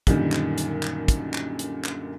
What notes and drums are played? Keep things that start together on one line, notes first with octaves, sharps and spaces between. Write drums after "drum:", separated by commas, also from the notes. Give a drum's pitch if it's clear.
F#2 A#2 D3 D#3 G3, drum: kick, hi-hat
drum: clap
drum: hi-hat
drum: clap
drum: kick, hi-hat
drum: clap
drum: hi-hat
drum: clap